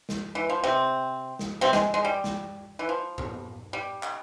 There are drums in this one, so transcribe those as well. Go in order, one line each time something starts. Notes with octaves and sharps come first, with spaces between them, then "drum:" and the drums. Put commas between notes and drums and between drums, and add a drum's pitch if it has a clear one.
drum: snare
E3
F3
C3 C4
drum: snare
C3 C4
G#3, drum: snare
G#3
G3
drum: snare
E3
F3
drum: tom A2
G3
drum: clap